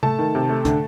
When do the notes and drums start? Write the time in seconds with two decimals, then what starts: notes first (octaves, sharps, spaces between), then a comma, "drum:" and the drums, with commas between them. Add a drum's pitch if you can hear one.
0.03 A3 A5, drum: tom C3
0.19 D#3
0.35 C3
0.49 A3
0.65 D3, drum: kick, hi-hat